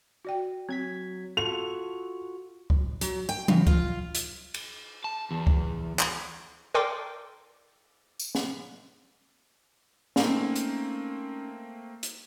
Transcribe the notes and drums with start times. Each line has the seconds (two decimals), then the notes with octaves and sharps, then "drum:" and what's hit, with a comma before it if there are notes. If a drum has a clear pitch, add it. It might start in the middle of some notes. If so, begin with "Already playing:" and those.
0.25 F#4 D5 G5
0.69 F#3 C4 G#6 B6
1.37 F4 F#4 A4 C#6 F7
2.70 drum: kick C#2
3.01 F#3, drum: hi-hat
3.29 G5
3.48 C#3, drum: tom E3
3.67 F4, drum: kick C#2
4.15 drum: hi-hat
4.54 drum: cymbal
5.04 A5
5.31 E2
5.47 drum: kick C#2
5.99 drum: clap
6.74 A4 A#4 D5 G5 C6 D6
8.20 drum: tambourine
8.35 drum: snare
10.16 A3 A#3 C4 C#4 D#4, drum: snare
10.56 drum: hi-hat
12.03 drum: hi-hat